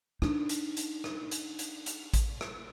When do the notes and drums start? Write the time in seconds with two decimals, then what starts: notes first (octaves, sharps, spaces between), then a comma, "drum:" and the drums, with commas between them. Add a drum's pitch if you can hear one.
0.22 D4 D#4, drum: rim click
0.49 drum: hi-hat
0.77 drum: hi-hat
1.04 drum: rim click
1.31 drum: hi-hat
1.59 drum: hi-hat
1.86 drum: hi-hat
2.14 drum: kick A1, hi-hat
2.41 drum: rim click